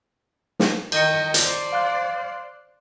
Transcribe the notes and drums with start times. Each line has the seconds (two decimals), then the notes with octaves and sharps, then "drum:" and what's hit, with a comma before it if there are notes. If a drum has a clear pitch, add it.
0.60 drum: snare
0.92 D#3 D#5 G6 C#7, drum: cymbal
1.34 C5 D5, drum: hi-hat
1.72 F5 C6 F#6